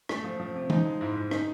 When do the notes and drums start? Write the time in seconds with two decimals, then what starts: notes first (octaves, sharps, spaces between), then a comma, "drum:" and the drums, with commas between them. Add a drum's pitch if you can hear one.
0.09 A3, drum: rim click
0.24 F3
0.40 F3
0.55 C3
0.70 F3 D#4, drum: tom E3
0.85 G#3
1.01 G#2 E4
1.16 G#2
1.31 D#4, drum: rim click